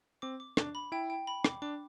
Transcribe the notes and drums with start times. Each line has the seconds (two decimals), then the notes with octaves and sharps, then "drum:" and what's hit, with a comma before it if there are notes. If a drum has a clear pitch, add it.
0.22 C4 D6
0.40 D6
0.57 D4 D6, drum: rim click
0.75 B5
0.92 E4 G5
1.10 G5
1.27 B5
1.44 D6, drum: rim click
1.62 D4 D6